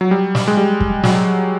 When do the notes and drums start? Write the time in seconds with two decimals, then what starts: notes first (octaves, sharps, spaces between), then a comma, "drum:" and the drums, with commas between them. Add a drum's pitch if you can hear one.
0.01 F#3
0.11 G3
0.35 drum: snare
0.48 G#3
0.57 G3
0.81 drum: kick
1.03 F#3, drum: snare